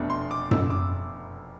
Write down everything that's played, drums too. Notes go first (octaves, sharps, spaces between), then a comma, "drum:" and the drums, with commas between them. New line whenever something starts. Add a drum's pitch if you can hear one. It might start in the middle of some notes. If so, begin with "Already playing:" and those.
Already playing: F1 E2 B2 A3 D4
C6
D6
E6, drum: tom F#2
D6